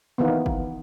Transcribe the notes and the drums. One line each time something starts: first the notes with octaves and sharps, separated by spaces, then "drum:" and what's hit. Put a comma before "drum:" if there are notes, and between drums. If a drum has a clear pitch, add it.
D#3 E3 A#3 B3
drum: kick